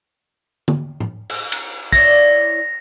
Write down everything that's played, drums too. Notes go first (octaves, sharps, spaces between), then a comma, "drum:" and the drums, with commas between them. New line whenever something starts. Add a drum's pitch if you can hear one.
drum: tom
drum: tom A2
drum: cymbal
drum: cymbal
E4 C#5 D5 A#6, drum: kick